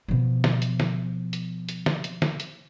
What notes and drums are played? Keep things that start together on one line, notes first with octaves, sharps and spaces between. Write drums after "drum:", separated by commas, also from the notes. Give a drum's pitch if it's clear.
B2 F3
drum: snare
drum: hi-hat
drum: snare
drum: hi-hat
drum: hi-hat
drum: snare
drum: hi-hat
drum: snare
drum: hi-hat